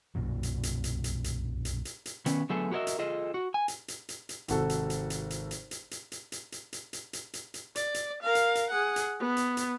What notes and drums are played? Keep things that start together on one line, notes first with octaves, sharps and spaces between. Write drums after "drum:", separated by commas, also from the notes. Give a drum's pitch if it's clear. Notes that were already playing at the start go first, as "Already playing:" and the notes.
B1 F#2 A#2 F#3
drum: hi-hat
drum: hi-hat
drum: hi-hat
drum: hi-hat
drum: hi-hat
drum: hi-hat
drum: hi-hat
drum: hi-hat
D#3 B3 C#4, drum: hi-hat
D3 F#3 A3 B3 G#4 A4
F#4 G4 A#4 C#5 D#5 E5
drum: hi-hat
F4 G#4 A4 D#5
F#4
G#5
drum: hi-hat
drum: hi-hat
drum: hi-hat
drum: hi-hat
G#1 C3 F#4 A4, drum: hi-hat
drum: hi-hat
drum: hi-hat
drum: hi-hat
drum: hi-hat
drum: hi-hat
drum: hi-hat
drum: hi-hat
drum: hi-hat
drum: hi-hat
drum: hi-hat
drum: hi-hat
drum: hi-hat
drum: hi-hat
drum: hi-hat
drum: hi-hat
D5, drum: hi-hat
drum: hi-hat
A#4 F5
drum: hi-hat
drum: hi-hat
G#4 F#5
drum: hi-hat
B3
drum: hi-hat
drum: hi-hat